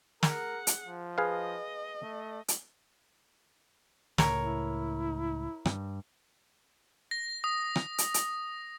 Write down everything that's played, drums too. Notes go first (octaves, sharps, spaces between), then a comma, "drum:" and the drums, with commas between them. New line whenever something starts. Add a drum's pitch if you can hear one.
G#4 A#4 F#5, drum: snare
drum: hi-hat
F3
G#4 B4 D#5 F5
A3
drum: hi-hat
C#2 A2 A#4 C#5, drum: snare
E4
G2, drum: rim click
A#6
D#6
drum: rim click
drum: hi-hat
drum: hi-hat